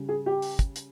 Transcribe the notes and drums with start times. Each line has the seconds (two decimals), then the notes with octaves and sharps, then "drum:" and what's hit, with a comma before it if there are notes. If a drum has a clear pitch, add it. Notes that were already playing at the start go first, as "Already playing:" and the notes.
Already playing: C#3 G3
0.09 G#4
0.26 G4
0.42 drum: open hi-hat
0.59 drum: kick, hi-hat
0.76 drum: hi-hat